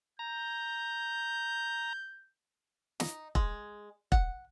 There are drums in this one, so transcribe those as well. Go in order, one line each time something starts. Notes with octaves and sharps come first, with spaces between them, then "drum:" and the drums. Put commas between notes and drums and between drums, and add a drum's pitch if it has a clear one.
A#5 G6
D#4, drum: snare
G#3, drum: kick E1
F#5, drum: kick E1